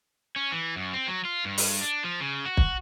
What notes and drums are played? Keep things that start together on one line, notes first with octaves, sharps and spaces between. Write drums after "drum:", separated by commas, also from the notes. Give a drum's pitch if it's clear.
C#4
E3
F#2
C4
F#3
F4
G2
drum: open hi-hat
D4
F3
C#3
F#4
drum: kick